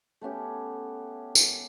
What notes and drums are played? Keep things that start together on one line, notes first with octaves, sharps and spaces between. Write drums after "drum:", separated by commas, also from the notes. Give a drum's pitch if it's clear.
A3 B3 C#4 G4
drum: tambourine